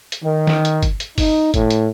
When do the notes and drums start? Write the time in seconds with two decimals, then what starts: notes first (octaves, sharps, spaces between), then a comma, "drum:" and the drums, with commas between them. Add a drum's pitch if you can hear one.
0.12 drum: hi-hat
0.23 D#3
0.47 drum: snare
0.65 drum: hi-hat
0.83 drum: kick G1, hi-hat
1.00 drum: hi-hat
1.18 D#4, drum: kick G1, open hi-hat
1.54 A2, drum: kick G1, hi-hat
1.70 drum: hi-hat